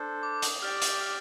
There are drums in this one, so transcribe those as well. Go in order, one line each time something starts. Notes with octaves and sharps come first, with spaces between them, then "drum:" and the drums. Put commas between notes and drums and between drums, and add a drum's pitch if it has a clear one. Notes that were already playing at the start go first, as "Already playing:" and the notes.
Already playing: D4 A4 C5
D6
D#6, drum: hi-hat
G4 D5 G5 F6
drum: hi-hat
F6